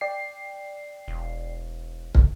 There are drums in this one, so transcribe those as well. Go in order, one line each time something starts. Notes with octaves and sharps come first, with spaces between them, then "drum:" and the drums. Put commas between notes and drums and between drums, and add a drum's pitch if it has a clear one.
D5 G5 C7
E1
drum: kick